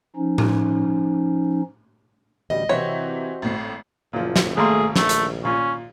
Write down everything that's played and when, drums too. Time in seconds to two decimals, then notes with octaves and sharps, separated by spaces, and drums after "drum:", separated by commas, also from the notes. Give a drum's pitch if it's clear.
0.16 F3 C#4 D#4
0.38 drum: tom A2
2.50 A1 D2 G3 D#5
2.69 C3 E3 C4 E4 F#4 C5 C#5
3.42 G#1 A2 C7
4.13 F#1 A#2 F3
4.36 drum: snare
4.57 G#1 A3 A#3 G#4 C6
4.96 A#1 A3, drum: snare
5.09 drum: hi-hat
5.45 A#2 C#4